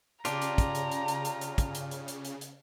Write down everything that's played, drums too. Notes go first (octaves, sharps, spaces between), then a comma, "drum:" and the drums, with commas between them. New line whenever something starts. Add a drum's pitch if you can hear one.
C#3 D4 F4 G4 A#5, drum: hi-hat
drum: hi-hat
drum: kick, hi-hat
drum: hi-hat
drum: hi-hat
drum: hi-hat
drum: hi-hat
drum: hi-hat
drum: kick, hi-hat
drum: hi-hat
drum: hi-hat
drum: hi-hat
drum: hi-hat
drum: hi-hat